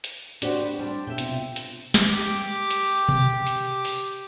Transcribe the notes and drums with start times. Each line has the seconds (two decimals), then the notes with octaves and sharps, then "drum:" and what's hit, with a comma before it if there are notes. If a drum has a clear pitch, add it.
0.04 drum: hi-hat
0.42 D4 F#4 G4 C5 D5, drum: hi-hat
0.59 B3
0.79 G3 D4 C5
1.07 B2 E5 G5
1.18 C3 F4, drum: hi-hat
1.56 drum: hi-hat
1.94 drum: snare
2.08 G4 D6
2.70 drum: hi-hat
3.09 drum: tom B2
3.47 drum: hi-hat
3.85 drum: open hi-hat